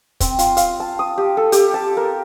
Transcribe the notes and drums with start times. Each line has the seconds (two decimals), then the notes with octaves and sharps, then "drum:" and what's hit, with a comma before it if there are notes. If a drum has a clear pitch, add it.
0.20 C4, drum: kick, hi-hat
0.39 F4, drum: hi-hat
0.57 F5, drum: hi-hat
0.80 A5
0.99 D#6
1.18 G4
1.37 A4
1.52 G4, drum: hi-hat
1.74 A5
1.97 A#4